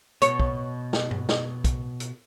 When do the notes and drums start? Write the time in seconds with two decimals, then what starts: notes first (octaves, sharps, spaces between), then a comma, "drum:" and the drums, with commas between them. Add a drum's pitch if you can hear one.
0.22 B2 C#5, drum: hi-hat
0.40 drum: kick
0.93 drum: snare
1.11 drum: tom G2
1.29 drum: snare
1.64 drum: kick, hi-hat
2.00 drum: hi-hat